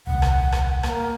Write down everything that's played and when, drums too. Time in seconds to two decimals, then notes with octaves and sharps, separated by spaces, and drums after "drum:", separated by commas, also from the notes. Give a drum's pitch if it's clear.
0.07 D#1 C2 F#5
0.22 drum: rim click
0.52 drum: rim click
0.83 A#3, drum: rim click